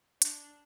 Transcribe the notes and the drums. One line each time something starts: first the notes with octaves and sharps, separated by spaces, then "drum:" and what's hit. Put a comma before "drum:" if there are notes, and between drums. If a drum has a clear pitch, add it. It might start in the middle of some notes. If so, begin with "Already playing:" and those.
D4, drum: hi-hat